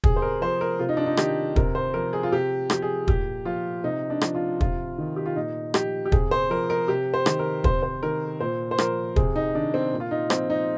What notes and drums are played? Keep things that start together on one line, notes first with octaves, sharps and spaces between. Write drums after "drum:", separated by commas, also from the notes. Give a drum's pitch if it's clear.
C3 G#4, drum: kick
C5
A#4
F3 C5
A#4
C3 F4
D#4
D4
D#4
D#3 G4, drum: rim click
C3 A#4, drum: kick
C5
F3 A#4
G#4
F4
C3 G4
F3 G4, drum: rim click
G#4
A#2 G4, drum: kick
F3 F4
C3 D#4
D4
F3, drum: rim click
F4
C3 F4, drum: kick
D#3
G4
F4
A#2 D#4
F3 G4, drum: rim click
G4
C3 G#4, drum: kick
C5
F3 A#4
A#4
C3 G4
C5
D#3, drum: rim click
A#4
C3 C5, drum: kick
C5
D#3 A#4
A#2 C5
C5
F3 A#4, drum: rim click
C3 G#4, drum: kick
D#4
D#3 D4
C4
A#2
F4
D#4
F3 C4, drum: rim click
D#4